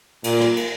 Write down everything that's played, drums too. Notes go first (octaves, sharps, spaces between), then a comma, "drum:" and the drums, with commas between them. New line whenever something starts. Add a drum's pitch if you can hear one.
A#2, drum: cymbal
drum: rim click
drum: cymbal